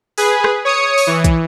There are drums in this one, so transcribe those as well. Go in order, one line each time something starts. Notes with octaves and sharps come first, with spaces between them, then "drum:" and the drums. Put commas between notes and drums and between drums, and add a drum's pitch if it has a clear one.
G#4 B4, drum: open hi-hat
drum: rim click
C#5 D#6 C#7
drum: open hi-hat
E3
drum: kick, hi-hat